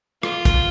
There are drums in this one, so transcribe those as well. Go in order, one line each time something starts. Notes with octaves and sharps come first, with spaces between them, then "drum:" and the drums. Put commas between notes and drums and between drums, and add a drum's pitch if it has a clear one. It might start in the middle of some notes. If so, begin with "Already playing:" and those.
F4, drum: rim click
drum: kick, hi-hat